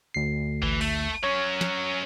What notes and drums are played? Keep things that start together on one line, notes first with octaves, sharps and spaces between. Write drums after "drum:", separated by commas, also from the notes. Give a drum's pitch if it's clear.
D2 C7
E3, drum: kick G#1
A3, drum: cymbal
F#3 C#4 C#5
drum: snare